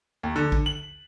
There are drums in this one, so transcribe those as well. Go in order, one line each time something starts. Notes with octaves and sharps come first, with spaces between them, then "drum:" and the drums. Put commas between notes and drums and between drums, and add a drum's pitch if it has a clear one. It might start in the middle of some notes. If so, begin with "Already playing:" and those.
D#2
D3
drum: kick
F#7